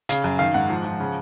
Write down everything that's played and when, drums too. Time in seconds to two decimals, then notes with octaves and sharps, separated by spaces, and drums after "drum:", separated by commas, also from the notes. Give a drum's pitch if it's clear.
0.09 C#3 F5, drum: hi-hat
0.24 F#2
0.39 D#3 F5
0.54 G#2 F#5
0.70 F3
0.85 F3
1.00 C#3